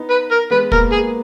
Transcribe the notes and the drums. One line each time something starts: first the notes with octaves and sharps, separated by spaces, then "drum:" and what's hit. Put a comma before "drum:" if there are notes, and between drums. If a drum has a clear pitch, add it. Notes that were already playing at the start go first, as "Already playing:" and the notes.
Already playing: B3 D#4
B4
A#4
G#3 B3 B4
A#3 A#4, drum: kick
G#4